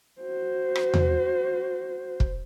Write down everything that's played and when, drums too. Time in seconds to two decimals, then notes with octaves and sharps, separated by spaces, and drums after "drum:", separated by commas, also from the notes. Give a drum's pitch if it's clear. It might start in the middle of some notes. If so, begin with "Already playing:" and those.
0.21 F#4 C5
0.75 drum: rim click
0.94 drum: tom E2
2.20 drum: kick